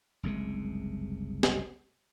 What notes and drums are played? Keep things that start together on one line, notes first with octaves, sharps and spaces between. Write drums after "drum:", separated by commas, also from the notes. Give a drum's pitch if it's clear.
F#1 C2 C3 G#3
drum: snare